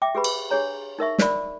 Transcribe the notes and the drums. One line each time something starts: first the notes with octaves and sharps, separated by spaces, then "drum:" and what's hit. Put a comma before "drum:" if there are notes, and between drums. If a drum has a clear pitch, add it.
E5 G5 D6
G4 G#4 B4 B5
drum: cymbal
D4 G4 G#4 C#5 A#5
D#4 A#4 E5 C#6
A#4 C5 D5 B5, drum: snare